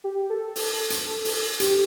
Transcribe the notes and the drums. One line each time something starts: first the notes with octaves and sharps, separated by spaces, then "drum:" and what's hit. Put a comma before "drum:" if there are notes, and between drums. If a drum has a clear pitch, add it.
G4
A4
drum: open hi-hat
drum: hi-hat
drum: open hi-hat
G4, drum: hi-hat